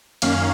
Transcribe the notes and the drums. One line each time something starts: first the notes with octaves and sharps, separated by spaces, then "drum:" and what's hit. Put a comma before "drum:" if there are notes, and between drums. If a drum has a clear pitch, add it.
F#2 D#3 A#3 C#4 F5, drum: cymbal